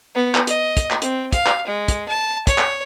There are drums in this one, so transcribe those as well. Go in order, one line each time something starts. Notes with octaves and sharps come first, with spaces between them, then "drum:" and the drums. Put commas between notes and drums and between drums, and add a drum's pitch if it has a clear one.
B3
drum: clap
D#5, drum: hi-hat
drum: kick, hi-hat
drum: clap
C4, drum: hi-hat
F5, drum: kick, hi-hat
drum: clap
G#3
drum: kick, hi-hat
A5
C#5, drum: kick, hi-hat
drum: clap